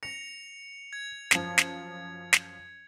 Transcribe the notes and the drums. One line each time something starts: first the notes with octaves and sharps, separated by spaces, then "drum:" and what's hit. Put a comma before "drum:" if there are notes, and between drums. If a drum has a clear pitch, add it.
A#6 C#7 F7
G#6
F#2 F3, drum: snare
drum: snare
drum: snare